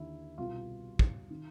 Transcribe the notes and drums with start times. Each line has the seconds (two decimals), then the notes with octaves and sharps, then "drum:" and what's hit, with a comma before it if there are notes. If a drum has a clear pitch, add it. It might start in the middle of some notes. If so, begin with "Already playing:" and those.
Already playing: D#2 D3 E4
0.38 C2 B2 F4
0.99 drum: kick
1.30 D#3